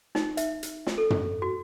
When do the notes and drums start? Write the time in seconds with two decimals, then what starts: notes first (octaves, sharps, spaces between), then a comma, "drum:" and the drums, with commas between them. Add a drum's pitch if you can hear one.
0.15 D#4, drum: snare
0.37 E5, drum: hi-hat
0.63 drum: hi-hat
0.87 drum: snare
0.98 A4
1.10 drum: tom
1.42 F#4